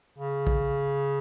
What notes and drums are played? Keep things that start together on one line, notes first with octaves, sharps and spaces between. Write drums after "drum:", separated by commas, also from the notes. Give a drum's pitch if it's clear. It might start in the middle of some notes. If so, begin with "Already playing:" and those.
C#3
drum: kick A#1